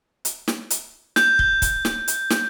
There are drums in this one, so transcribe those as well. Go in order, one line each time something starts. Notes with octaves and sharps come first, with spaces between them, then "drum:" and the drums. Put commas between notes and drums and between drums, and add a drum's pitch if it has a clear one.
drum: hi-hat
drum: snare
drum: hi-hat
G6, drum: snare
drum: kick
drum: kick, hi-hat
drum: snare
drum: hi-hat
drum: snare